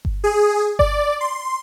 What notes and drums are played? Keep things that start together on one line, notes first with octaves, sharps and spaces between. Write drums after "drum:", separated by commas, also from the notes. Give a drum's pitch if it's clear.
drum: kick G1
G#4
D5, drum: kick G1
C6